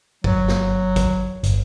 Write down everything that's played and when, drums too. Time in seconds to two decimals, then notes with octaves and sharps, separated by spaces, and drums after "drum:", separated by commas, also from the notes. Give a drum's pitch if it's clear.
0.24 G1 F#3, drum: kick
0.48 drum: snare
0.96 drum: kick, hi-hat
1.43 G1, drum: hi-hat